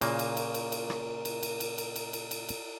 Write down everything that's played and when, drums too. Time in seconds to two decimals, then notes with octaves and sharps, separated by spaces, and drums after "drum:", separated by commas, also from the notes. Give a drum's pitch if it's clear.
0.01 A#2 C#3 A#3 A#4, drum: cymbal
0.19 drum: cymbal
0.37 drum: cymbal
0.54 drum: cymbal
0.72 drum: cymbal
0.90 drum: rim click
1.25 drum: cymbal
1.43 drum: cymbal
1.60 drum: cymbal
1.78 drum: cymbal
1.96 drum: cymbal
2.13 drum: cymbal
2.31 drum: cymbal
2.49 drum: cymbal